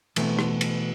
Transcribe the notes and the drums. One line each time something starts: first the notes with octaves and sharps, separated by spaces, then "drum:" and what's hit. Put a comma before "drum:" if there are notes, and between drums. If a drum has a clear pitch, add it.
B2 E3 A3 B3 C4, drum: cymbal
drum: rim click
drum: cymbal